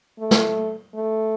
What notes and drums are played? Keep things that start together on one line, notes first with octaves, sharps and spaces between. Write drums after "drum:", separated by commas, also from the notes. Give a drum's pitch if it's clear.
A3
drum: snare
A3